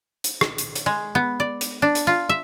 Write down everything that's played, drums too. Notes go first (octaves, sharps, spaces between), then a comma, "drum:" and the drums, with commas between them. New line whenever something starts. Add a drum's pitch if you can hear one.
drum: hi-hat
drum: rim click
drum: hi-hat
drum: hi-hat
G#3
B3
D5
drum: hi-hat
D4
drum: hi-hat
F4
E5